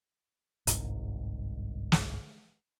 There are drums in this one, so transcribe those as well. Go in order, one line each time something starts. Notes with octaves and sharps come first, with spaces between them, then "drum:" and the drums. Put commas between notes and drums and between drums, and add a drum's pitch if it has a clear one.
G1 C2 G#2, drum: hi-hat
drum: snare